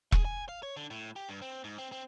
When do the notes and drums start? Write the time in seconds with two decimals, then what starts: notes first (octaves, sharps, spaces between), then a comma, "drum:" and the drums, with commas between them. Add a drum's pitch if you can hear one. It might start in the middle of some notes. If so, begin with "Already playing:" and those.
0.12 G#4, drum: kick E1
0.25 G#5
0.49 F5
0.63 C#5
0.77 D3
0.90 A2
1.16 G4
1.29 G2
1.42 C4
1.64 G#2
1.78 C4
1.92 C4